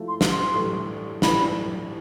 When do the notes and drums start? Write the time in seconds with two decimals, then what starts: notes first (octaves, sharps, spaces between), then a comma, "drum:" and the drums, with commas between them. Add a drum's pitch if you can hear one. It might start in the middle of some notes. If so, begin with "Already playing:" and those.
Already playing: F3 A3 E4
0.08 C6
0.21 drum: snare
0.32 C6
0.55 A2 E3 G3 D4
1.22 A2 E3 G3 D4 B5, drum: snare